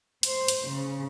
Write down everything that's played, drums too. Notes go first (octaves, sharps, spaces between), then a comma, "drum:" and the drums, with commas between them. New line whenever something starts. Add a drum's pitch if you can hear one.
C5, drum: hi-hat
drum: hi-hat
C#3